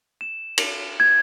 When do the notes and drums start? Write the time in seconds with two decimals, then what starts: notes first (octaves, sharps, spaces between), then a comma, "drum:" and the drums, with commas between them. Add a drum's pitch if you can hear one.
0.21 E7
0.58 drum: cymbal
1.00 G#6